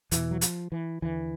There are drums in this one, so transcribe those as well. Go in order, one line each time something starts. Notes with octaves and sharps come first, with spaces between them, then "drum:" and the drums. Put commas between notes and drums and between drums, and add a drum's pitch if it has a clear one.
E2 B2 E3, drum: hi-hat
F#3
F3, drum: hi-hat
E3
D#2 D3 E3